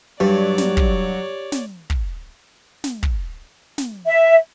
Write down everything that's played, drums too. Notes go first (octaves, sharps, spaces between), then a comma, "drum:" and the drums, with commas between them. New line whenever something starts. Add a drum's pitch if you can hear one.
G2 F#3 G4 C#5 D5
drum: snare
drum: kick
drum: snare
drum: kick
drum: snare
drum: kick
drum: snare
E5